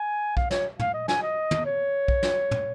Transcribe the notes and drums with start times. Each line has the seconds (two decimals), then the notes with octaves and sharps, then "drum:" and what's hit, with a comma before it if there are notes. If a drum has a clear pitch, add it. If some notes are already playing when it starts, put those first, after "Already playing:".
Already playing: G#5
0.37 F5, drum: kick B1
0.51 C#5, drum: snare
0.79 F5, drum: tom
0.94 D#5
1.08 G#5, drum: snare
1.22 D#5
1.51 drum: tom
1.65 C#5
2.08 drum: kick B1
2.23 drum: snare
2.51 drum: tom